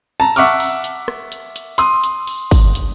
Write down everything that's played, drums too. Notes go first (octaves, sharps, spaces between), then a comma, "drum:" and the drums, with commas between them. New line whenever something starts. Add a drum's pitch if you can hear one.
A5 A#5
E5 F#5 C#6 D6 F6, drum: open hi-hat
drum: open hi-hat
drum: hi-hat
drum: rim click
drum: hi-hat
drum: hi-hat
C6 D#6, drum: hi-hat
drum: hi-hat
drum: open hi-hat
drum: kick, open hi-hat
drum: hi-hat